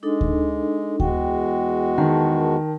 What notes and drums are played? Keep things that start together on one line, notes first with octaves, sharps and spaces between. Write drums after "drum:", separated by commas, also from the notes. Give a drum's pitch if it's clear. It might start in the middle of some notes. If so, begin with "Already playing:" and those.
G#3 D4 D#4 A4
drum: kick D2
E2 G#3 F#4 G5, drum: kick D2
D#3 A#4 A5